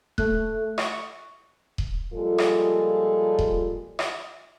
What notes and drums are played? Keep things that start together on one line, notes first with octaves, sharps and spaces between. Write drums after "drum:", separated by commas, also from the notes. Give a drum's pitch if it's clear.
A3 F#6, drum: kick D#1
C#6, drum: rim click
drum: kick D#1
A#2 F3 G3 G#3 F4 A4
drum: rim click
drum: kick D#1
drum: rim click